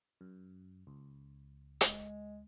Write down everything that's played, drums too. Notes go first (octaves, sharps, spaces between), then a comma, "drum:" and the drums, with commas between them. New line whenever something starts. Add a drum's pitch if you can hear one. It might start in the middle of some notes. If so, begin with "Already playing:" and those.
F#2
C#2
G#3, drum: hi-hat